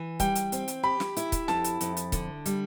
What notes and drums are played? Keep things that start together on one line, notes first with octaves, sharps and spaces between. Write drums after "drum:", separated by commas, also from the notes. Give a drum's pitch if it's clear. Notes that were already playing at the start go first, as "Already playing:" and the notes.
Already playing: E3
G3 G5, drum: kick, hi-hat
drum: hi-hat
C4, drum: hi-hat
drum: hi-hat
G4 B5
drum: snare
E4, drum: hi-hat
drum: kick, hi-hat
F2 A5, drum: snare
drum: hi-hat
F2, drum: hi-hat
drum: hi-hat
D3, drum: kick, hi-hat
G3, drum: hi-hat